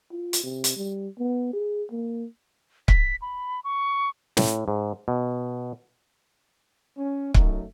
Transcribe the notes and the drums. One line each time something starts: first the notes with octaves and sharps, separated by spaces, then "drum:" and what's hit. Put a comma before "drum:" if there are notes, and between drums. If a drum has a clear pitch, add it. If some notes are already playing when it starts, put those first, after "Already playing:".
F4
drum: hi-hat
C3
drum: hi-hat
G3
B3
G#4
A#3
B6, drum: kick C#1
B5
C#6
A2, drum: snare
G#2
B2
C#4
F#2 F#3 A3 D#4, drum: kick C#1